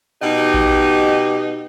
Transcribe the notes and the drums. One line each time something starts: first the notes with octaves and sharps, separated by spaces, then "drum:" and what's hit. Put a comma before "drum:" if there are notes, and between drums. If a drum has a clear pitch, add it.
B2 D#4 G4
drum: kick A1